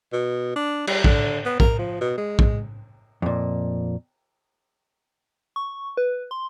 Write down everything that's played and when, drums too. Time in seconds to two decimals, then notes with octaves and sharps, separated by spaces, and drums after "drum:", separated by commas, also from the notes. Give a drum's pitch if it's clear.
0.13 B2
0.56 D4
0.87 G3, drum: cymbal
1.04 D3, drum: kick
1.46 B3
1.60 A#4, drum: kick
1.79 F3
2.01 B2
2.17 G#3
2.39 drum: kick
3.22 F2 A#2
5.56 C#6
5.97 B4
6.31 C6